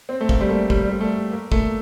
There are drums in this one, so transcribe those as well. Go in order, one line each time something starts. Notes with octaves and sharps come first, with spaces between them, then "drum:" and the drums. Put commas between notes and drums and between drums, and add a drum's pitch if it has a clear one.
C4
A3
A#3, drum: kick
G3
A3
G3, drum: kick
G3
A3
A#3
A3, drum: kick